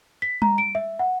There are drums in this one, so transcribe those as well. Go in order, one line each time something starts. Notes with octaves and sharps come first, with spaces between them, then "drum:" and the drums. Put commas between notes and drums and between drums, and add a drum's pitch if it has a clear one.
B6
A#5, drum: tom G3
D7
E5
F#5